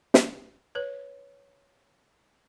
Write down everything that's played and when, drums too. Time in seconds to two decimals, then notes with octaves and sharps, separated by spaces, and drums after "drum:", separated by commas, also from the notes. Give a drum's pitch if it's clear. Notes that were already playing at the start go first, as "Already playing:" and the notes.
0.14 drum: snare
0.75 B4 C#5